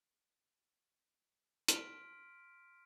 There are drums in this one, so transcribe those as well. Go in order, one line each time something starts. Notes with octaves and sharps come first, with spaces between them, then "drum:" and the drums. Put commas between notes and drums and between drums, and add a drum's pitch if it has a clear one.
C6 F6 B6 D7, drum: hi-hat